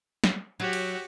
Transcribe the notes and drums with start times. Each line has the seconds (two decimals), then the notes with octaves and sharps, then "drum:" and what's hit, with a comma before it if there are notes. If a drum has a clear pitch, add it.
0.24 drum: snare
0.60 F#3 F#4 G4
0.73 drum: cymbal